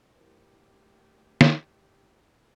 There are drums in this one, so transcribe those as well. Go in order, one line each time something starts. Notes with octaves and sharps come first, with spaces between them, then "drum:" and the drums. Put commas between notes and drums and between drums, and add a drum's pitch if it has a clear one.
D2 E4 G4 A#4 C5
drum: snare